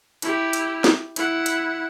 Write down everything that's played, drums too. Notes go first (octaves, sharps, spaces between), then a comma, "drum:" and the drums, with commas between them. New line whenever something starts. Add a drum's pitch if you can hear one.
E4 G4, drum: hi-hat
drum: hi-hat
drum: snare
E4 F#5, drum: hi-hat
drum: hi-hat